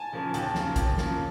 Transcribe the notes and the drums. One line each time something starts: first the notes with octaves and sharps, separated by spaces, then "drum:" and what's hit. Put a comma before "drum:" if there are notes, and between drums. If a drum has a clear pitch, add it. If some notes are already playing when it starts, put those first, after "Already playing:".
Already playing: G#5 A5
C#3 F3 A#3
D#2 A5, drum: hi-hat
C#3 F3 A#3, drum: snare
D#2, drum: kick A1, hi-hat
C#3 F3 A#3, drum: snare